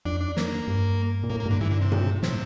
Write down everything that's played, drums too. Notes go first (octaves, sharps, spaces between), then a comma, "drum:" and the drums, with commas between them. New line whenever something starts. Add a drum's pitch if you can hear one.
F2 D4
D4
A#3, drum: snare
G2
A#2
A2 A#3
A#3
G2 D3
G2 E3
D3
C3
drum: tom A#2
A2 C3, drum: snare